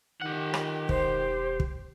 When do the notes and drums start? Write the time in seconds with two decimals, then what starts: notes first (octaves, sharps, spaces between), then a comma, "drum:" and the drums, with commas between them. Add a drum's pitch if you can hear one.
0.22 D#3 G4 F#5
0.54 drum: rim click
0.89 E1 C5, drum: kick
1.60 drum: kick